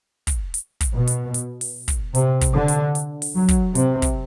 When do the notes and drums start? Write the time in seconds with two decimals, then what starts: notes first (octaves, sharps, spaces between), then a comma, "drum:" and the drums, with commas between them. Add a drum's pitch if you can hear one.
0.27 drum: kick, hi-hat
0.54 drum: hi-hat
0.81 drum: kick, hi-hat
0.94 B2
1.07 drum: hi-hat
1.34 drum: hi-hat
1.61 drum: open hi-hat
1.88 drum: kick, hi-hat
2.15 C3, drum: hi-hat
2.41 drum: kick, hi-hat
2.55 D3
2.68 drum: hi-hat
2.95 drum: hi-hat
3.22 drum: open hi-hat
3.35 F#3
3.49 drum: kick, hi-hat
3.75 C3, drum: hi-hat
4.02 drum: kick, hi-hat